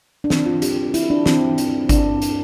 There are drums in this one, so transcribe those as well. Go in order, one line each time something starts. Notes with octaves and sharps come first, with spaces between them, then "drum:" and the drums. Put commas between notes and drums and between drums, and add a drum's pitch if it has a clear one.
D4
C4, drum: snare
F4
G4, drum: hi-hat
E4, drum: hi-hat
D4
C4, drum: snare
drum: hi-hat
D4, drum: kick G#1, hi-hat
drum: hi-hat